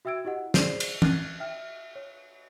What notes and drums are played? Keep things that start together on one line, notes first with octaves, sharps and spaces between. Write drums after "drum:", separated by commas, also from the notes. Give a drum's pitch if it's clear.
F#4 E5 G5 E6 G#6 D7
E4 G4 D#5 F#5
G#4 C5 D5 G6 C7 D#7, drum: snare
drum: cymbal
F6 F#6 G#6 A6 C7 D#7, drum: tom
E5 G5 F6
C#5